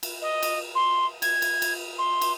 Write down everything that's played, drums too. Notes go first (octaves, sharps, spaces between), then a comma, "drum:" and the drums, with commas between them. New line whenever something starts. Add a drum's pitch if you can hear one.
drum: cymbal
D#5
drum: cymbal
C6
G#6, drum: cymbal
drum: cymbal
drum: cymbal
C6
drum: cymbal